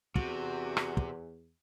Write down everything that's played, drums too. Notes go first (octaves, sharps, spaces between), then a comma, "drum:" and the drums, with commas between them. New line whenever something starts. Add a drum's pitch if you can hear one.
E2 C3 F#4, drum: kick
drum: rim click
drum: kick